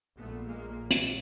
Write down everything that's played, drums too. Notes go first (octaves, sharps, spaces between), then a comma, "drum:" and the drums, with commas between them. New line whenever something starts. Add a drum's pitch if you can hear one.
A#1 A#2 A3 B3
G#3 A#3
drum: hi-hat